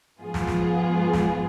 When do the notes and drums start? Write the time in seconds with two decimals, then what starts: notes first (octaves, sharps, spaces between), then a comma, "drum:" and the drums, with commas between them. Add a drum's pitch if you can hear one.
0.21 G#2 F3 B3 F4 G#4
0.34 drum: snare
0.47 drum: snare
1.13 drum: snare